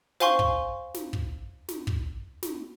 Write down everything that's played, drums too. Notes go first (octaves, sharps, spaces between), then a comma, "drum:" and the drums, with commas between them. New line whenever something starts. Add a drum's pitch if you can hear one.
C5 F5 G#5 C6 C#6, drum: snare
drum: kick
drum: snare
drum: kick
drum: snare
drum: kick
drum: snare